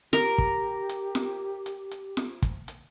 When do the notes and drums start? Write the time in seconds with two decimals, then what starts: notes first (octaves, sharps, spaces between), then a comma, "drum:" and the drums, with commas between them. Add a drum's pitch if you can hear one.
0.13 G4 A#4, drum: snare F4
0.38 drum: kick
0.89 drum: hi-hat
1.15 drum: snare F4
1.66 drum: hi-hat
1.91 drum: hi-hat
2.17 drum: snare F4
2.42 drum: kick, hi-hat
2.68 drum: hi-hat